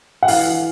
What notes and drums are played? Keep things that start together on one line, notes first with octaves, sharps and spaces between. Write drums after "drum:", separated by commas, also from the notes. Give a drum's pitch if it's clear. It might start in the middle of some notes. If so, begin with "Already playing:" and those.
F#5
E3 F5, drum: open hi-hat
E3